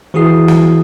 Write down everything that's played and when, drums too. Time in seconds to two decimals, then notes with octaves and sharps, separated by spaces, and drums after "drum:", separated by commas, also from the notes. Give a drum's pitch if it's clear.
0.14 E3 E4 F#4 G#4 D#6 C7
0.48 drum: snare